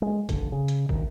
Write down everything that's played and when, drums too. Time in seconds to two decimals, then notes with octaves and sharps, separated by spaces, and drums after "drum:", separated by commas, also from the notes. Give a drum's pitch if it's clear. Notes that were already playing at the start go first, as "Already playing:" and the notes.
0.02 G#3
0.29 F1 D3, drum: kick, hi-hat
0.52 C#3
0.68 drum: hi-hat
0.89 D2 D#3, drum: kick